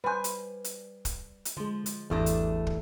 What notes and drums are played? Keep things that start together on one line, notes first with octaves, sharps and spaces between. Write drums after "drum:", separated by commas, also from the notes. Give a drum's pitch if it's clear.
G3 B4 C5 G#5
drum: hi-hat
drum: hi-hat
drum: kick, hi-hat
drum: hi-hat
D3 F3 G#3
drum: hi-hat
G#1 E2 G3 A3 D4
drum: hi-hat
drum: kick